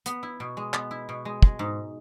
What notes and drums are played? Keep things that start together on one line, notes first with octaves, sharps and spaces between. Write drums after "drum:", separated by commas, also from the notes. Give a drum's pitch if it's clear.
B3, drum: hi-hat
E4
B2
G#3
B3, drum: clap
E4
B2
G#3
G#3, drum: kick
G#2